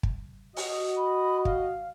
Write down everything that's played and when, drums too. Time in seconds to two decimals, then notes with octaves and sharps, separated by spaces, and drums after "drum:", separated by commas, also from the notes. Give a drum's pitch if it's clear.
0.03 drum: kick
0.57 F#4 D#5, drum: open hi-hat
0.97 B5
1.45 F5, drum: kick